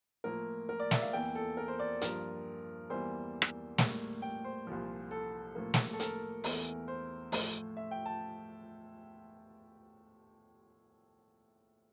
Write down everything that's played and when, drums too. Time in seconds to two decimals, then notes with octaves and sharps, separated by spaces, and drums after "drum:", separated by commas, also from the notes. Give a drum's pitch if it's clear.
0.24 A2 F3 A#3 A#4
0.69 A#4
0.80 D5
0.91 E5, drum: snare
1.02 F5
1.13 E2 E3 A#3 G5
1.35 A4
1.57 A#4
1.68 C5
1.80 D5
2.01 G2 F3 A#3 A#4, drum: hi-hat
2.90 E2 E3 G3 A#3 C5
3.42 drum: rim click
3.78 A2 G3 A#3, drum: snare
4.22 G5
4.44 C5
4.67 C2 A#2 F3
5.11 A4
5.55 A2 F3 A#3
5.74 drum: snare
5.93 A4
6.00 A#4, drum: hi-hat
6.44 E2 E3 A3, drum: open hi-hat
6.88 C5
7.32 A2 F3 A3, drum: open hi-hat
7.77 E5
7.91 G5
8.06 A5